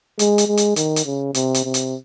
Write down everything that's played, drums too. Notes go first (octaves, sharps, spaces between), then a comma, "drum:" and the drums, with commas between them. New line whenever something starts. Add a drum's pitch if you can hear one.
G#3, drum: hi-hat
drum: hi-hat
G#3
drum: hi-hat
D#3, drum: hi-hat
drum: hi-hat
C#3
C3, drum: hi-hat
drum: hi-hat
C3
drum: hi-hat